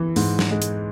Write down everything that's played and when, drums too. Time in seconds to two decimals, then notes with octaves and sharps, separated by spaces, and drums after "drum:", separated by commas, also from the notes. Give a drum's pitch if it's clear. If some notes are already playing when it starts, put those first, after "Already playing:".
Already playing: E3
0.16 G#2, drum: open hi-hat
0.39 drum: snare
0.51 G#3
0.62 drum: hi-hat